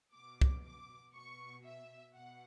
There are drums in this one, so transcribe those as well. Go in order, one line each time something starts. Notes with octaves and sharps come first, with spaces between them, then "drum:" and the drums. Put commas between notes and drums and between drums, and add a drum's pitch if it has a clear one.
B2 D6
drum: kick
D6
B2 C#6
E5
B2 F#5